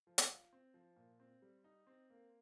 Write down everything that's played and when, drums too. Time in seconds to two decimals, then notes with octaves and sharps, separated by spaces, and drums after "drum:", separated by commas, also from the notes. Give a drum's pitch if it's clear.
0.07 F3
0.18 drum: hi-hat
0.29 F4
0.53 C4
0.74 F3
0.96 A#2
1.20 C4
1.42 G3
1.64 D#4
1.87 C4
2.10 A#3